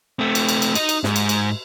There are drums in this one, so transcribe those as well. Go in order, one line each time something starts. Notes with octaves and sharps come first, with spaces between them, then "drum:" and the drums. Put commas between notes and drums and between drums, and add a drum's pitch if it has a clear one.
A3 C4
drum: cymbal
drum: cymbal
drum: cymbal
D#4, drum: cymbal
drum: cymbal
G#2, drum: snare
drum: cymbal
drum: cymbal